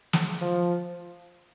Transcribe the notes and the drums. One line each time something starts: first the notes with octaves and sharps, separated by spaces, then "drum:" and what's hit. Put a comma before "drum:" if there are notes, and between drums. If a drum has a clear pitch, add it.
drum: snare
F3